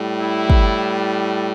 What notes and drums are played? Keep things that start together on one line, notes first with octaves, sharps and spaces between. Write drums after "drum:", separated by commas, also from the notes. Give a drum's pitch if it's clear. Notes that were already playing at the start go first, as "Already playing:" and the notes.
Already playing: A2 G3
E4
drum: kick